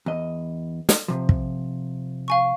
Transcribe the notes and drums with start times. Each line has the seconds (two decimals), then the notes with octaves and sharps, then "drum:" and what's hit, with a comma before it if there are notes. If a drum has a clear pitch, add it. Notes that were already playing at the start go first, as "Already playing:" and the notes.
0.06 E2 D#5
0.89 drum: snare
1.08 C3 F3
1.29 drum: kick
2.28 F5 G#5 C#6